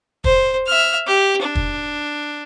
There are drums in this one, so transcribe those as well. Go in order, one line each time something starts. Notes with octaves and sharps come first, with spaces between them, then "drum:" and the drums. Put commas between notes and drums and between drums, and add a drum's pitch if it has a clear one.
C5, drum: kick
E5 F6
G4
D4
drum: kick